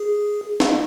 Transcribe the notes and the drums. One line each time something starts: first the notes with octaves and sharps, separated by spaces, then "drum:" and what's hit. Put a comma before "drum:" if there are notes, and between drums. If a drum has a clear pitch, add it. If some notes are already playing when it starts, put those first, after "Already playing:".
Already playing: G#4
drum: snare